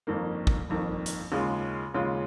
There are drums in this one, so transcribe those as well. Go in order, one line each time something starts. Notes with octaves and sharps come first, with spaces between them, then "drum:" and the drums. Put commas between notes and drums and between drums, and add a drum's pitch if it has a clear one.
G1 F2 D#3 A#3
drum: kick
G1 F2 D#3 A#3
drum: hi-hat
D#2 C#3 G#3 C#4 F4
D#2 C#3 G#3 C#4 F4